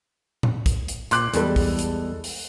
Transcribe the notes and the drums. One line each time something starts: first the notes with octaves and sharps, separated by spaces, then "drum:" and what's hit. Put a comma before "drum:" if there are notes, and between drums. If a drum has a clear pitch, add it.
drum: tom A2
drum: kick, hi-hat
drum: hi-hat
A#2 C6 D6 F#6, drum: hi-hat
E2 G3 G#3 A4, drum: hi-hat
drum: kick, open hi-hat
drum: hi-hat
drum: open hi-hat